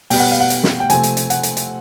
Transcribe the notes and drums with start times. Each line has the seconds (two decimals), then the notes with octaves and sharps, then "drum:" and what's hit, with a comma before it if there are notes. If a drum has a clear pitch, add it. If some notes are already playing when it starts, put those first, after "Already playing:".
0.10 B2 G3 B3 G5, drum: open hi-hat
0.20 F#5
0.31 F5
0.40 F#5
0.50 drum: hi-hat
0.63 drum: snare
0.80 G5
0.90 C3 F3 A3 C4 G#5, drum: hi-hat
1.03 drum: hi-hat
1.17 drum: hi-hat
1.30 F#5, drum: hi-hat
1.43 drum: hi-hat
1.57 drum: hi-hat